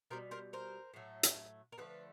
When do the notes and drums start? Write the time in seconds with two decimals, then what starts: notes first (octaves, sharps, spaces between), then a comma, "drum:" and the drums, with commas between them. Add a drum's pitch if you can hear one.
0.11 B2 G3 A#4 C5
0.31 A#4 C5
0.53 A#4 C5
0.94 A2 F#3 A3
1.23 drum: hi-hat
1.72 A#4
1.78 D3 F3 A3 A4 B4